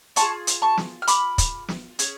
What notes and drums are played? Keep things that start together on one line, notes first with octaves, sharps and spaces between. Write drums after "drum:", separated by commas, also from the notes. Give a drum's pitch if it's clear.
D4 F4 G#4 A5 C#6, drum: hi-hat
drum: hi-hat
A5 C#6
drum: snare
F6
B5 D6, drum: hi-hat
drum: kick, hi-hat
drum: snare
C#4 G#4, drum: hi-hat